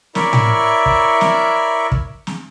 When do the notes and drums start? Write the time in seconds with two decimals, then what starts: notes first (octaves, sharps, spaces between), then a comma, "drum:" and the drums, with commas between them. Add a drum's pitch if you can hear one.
0.15 E4 A#4 C#5 D5 E5, drum: snare
0.33 drum: tom A2
0.86 drum: kick
1.21 drum: snare
1.92 drum: kick
2.27 drum: snare